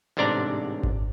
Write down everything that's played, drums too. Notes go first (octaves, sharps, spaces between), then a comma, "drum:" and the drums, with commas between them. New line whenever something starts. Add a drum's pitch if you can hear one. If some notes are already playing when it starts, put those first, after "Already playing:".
A1 G#2 C3 D4 D5 A#5
drum: kick G#1